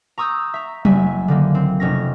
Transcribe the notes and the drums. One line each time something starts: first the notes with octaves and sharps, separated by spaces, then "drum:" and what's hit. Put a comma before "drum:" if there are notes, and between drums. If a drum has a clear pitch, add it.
A#5 C#6 D#6 E6 G6
E5 A#5
F#1 F#3 E5 G#5, drum: tom F#3
D3 D#3 A#3
C4
F1 C#4 A#6